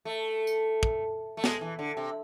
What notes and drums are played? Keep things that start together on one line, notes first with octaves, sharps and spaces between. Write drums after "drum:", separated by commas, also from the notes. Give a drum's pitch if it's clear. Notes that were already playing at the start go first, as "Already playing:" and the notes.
A3
drum: tambourine
drum: kick
A3
G#3, drum: snare
E3
D3
C3